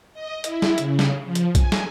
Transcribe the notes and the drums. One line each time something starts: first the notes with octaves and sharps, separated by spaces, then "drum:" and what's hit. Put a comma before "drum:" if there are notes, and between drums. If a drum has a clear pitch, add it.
D#5
E4, drum: hi-hat
drum: snare
C#3, drum: hi-hat
drum: snare
F3
drum: hi-hat
G#5, drum: kick B1, hi-hat
drum: snare